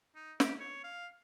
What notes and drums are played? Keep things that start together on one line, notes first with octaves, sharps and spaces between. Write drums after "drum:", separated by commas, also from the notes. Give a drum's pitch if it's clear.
D#4
G4, drum: snare
C#5
F5